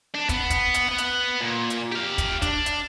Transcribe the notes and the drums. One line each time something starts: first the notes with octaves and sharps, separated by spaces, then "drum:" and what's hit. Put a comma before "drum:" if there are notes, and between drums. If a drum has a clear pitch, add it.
D4
B3, drum: kick, hi-hat
drum: kick, hi-hat
drum: hi-hat
B4 F#5
drum: hi-hat
A#2
drum: hi-hat
G4 F5
drum: kick, hi-hat
D4, drum: kick, hi-hat
drum: hi-hat